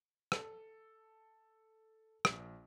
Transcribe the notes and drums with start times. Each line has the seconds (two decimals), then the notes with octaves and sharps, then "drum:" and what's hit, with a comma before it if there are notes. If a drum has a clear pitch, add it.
0.32 A4, drum: rim click
2.25 A#1, drum: rim click